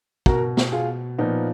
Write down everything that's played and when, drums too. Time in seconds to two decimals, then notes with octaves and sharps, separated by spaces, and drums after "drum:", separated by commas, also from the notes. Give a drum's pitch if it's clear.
0.26 B2 F#4 A#4, drum: kick
0.57 drum: snare
0.72 F4 G#4
1.18 A#2 F3 B3 D#4